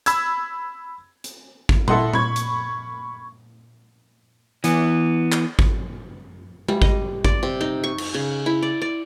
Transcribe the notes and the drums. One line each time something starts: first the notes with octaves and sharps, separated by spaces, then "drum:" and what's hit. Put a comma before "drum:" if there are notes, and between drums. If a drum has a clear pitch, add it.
B5 E6 G#6, drum: hi-hat
drum: hi-hat
drum: kick G#1
E4 A4 D#5 F#5 C6, drum: tom A#2
B5 C#6 G#6, drum: tom A#2
drum: hi-hat
E3 B3, drum: hi-hat
drum: clap
drum: kick G#1
G3, drum: tom G#3
D#5, drum: kick G#1
D5, drum: kick G#1
C3
D#4
C#6
drum: cymbal
C#3
E4
D5
D5